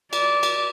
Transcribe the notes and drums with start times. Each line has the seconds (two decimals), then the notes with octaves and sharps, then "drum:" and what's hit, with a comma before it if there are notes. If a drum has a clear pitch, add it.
0.13 D5, drum: cymbal
0.43 drum: cymbal